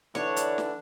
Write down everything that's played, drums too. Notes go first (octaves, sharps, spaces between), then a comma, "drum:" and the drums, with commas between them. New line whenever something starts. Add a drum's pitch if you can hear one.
D3 E3 D4 C#5, drum: snare
drum: hi-hat
drum: snare